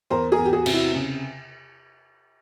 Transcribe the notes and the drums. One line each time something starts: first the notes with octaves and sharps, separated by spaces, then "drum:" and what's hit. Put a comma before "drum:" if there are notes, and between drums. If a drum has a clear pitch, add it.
E2 A#4 C5
G#4 A#4
E2
G4
F#4 G#4
C3, drum: cymbal
E4 F#4
C#3